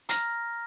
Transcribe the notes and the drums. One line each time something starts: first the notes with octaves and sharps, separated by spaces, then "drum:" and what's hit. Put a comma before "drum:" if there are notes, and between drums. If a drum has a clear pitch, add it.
A#5 F6 A#6, drum: hi-hat